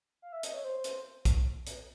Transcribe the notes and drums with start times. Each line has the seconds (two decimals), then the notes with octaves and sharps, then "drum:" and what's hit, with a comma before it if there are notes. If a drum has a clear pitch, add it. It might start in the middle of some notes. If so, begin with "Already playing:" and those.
0.22 F5
0.33 E5
0.43 D#5, drum: hi-hat
0.53 C#5
0.64 C5
0.84 drum: hi-hat
1.25 drum: kick B1, hi-hat
1.67 drum: hi-hat